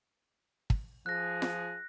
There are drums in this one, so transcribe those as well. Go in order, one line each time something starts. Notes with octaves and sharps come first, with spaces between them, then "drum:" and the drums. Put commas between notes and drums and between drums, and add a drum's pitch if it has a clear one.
drum: kick
F3 G#4 F#6 A#6
drum: snare F4